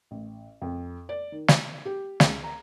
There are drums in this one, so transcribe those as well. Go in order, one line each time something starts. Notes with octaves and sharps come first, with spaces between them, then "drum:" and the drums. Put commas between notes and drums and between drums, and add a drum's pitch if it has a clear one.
A1
F2
D5
D#3
drum: snare
G4
C#2, drum: snare
A#5